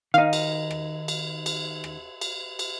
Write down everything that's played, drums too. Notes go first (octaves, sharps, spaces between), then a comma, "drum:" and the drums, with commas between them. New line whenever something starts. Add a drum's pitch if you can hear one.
D#3 D#4 F5
drum: cymbal
drum: rim click
drum: cymbal
drum: cymbal
drum: rim click
drum: cymbal
drum: cymbal